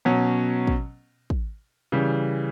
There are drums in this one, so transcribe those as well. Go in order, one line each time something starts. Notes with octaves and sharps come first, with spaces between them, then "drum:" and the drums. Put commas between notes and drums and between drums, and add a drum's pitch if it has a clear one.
B2 F#3 C#4
drum: kick
drum: kick
C#3 E3 G3